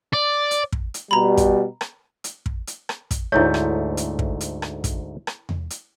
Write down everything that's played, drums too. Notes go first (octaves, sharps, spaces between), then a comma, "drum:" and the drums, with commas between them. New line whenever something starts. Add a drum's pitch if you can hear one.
D5
drum: hi-hat
drum: kick
drum: hi-hat
B2 G3 A#5 B5
drum: kick, hi-hat
drum: rim click
drum: hi-hat
drum: kick
drum: hi-hat
drum: rim click
drum: kick, hi-hat
D2 G#2 A3 E4 C#5
drum: rim click
drum: hi-hat
drum: kick
drum: hi-hat
drum: rim click
drum: kick, hi-hat
drum: rim click
drum: tom E2
drum: hi-hat